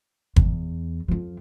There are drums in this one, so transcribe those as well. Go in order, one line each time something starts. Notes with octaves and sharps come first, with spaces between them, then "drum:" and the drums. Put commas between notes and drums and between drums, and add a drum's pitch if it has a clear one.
E2, drum: kick G1
F2 F3